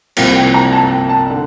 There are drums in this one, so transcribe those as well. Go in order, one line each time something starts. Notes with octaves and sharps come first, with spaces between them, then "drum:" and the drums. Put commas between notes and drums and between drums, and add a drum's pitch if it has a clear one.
C2 C3 F3 A#3 G5, drum: cymbal
G5
A#5
A5
G5
A5
D3